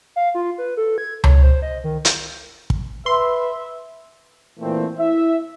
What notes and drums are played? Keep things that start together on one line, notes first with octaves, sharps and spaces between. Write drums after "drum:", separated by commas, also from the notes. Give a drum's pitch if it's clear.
F5
F4
B4
A4
G#6
C#5, drum: tom C#2
C5
D#5
D#3
G6, drum: hi-hat
drum: kick
B4 E5 C6
A#2 E3 A3 C4
E4 E5